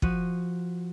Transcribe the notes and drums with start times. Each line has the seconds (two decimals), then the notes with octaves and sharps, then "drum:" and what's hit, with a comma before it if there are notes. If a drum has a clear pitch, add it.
0.02 F3 F#4 D#7, drum: kick